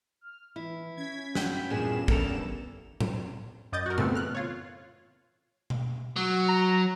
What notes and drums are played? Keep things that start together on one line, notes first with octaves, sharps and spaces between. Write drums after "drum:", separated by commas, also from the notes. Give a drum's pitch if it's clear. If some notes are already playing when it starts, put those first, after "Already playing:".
F6
E3 E4
C#4 G#6 B6
G2 F#4 G5 B6, drum: snare
E2 G2 A#2 G#4 E7
A#3 A4 A#5, drum: kick
drum: tom A2
F#2 D5 D#5 G6 A6
F#4 A#4
A2 C#3 E3 A3 B3 C4, drum: tom A2
F6 F#6
F4 C#5
drum: tom B2
F#3
A#5